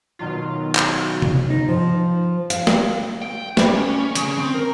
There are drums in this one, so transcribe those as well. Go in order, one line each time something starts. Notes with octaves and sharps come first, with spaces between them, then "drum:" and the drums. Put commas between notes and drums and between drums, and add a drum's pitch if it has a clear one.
B2 D#3 F#3 F4
drum: clap
drum: tom C3
D#4
F3
F5, drum: hi-hat
drum: snare
G5
G3, drum: snare
C#4
C#3, drum: hi-hat
C4
A#4